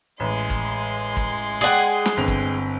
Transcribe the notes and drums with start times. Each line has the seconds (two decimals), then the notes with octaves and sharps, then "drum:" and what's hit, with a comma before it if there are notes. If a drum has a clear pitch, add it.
0.20 A1 G#3 C6
0.50 drum: kick G#1
1.17 drum: kick G#1
1.61 G#4 D5 F#5 G5
2.06 drum: snare
2.17 G1 C4 F7
2.28 drum: kick G#1